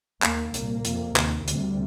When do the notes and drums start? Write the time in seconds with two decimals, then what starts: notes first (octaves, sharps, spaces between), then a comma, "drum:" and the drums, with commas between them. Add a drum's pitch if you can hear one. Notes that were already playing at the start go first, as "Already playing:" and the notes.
0.23 D#2 A#3, drum: clap
0.54 C2 A#2 A#3, drum: hi-hat
0.85 F2 C3, drum: hi-hat
1.16 D#2, drum: clap
1.48 D2 C3 G3, drum: hi-hat